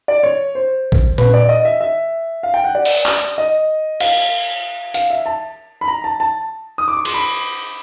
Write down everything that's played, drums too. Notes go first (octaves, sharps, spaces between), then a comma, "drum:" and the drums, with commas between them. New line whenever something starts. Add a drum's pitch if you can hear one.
D5
C#5
C5
drum: kick
B4, drum: tom A#2
D5
D#5
E5
E5
F5
G5
F#5
D5
drum: open hi-hat
drum: clap
D#5
F5, drum: cymbal
F5, drum: hi-hat
E5
A5
B5
A#5
A5
A5
D#6
D6
C#6
C6, drum: cymbal
B5